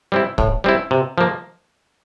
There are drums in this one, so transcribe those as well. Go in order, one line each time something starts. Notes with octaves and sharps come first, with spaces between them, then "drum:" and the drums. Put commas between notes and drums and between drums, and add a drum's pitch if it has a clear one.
G3 C4 E4
A2, drum: kick
G3 C4 E4
C3
F3 A#3